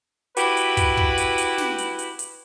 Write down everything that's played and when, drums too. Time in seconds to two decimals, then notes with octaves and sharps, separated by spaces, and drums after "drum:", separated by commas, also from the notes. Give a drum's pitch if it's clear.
0.37 E4 F#4 G4 B4, drum: hi-hat
0.57 drum: hi-hat
0.77 drum: kick, hi-hat
0.97 drum: kick
1.18 drum: hi-hat
1.38 drum: hi-hat
1.58 drum: snare
1.78 drum: hi-hat
1.99 drum: hi-hat
2.19 drum: hi-hat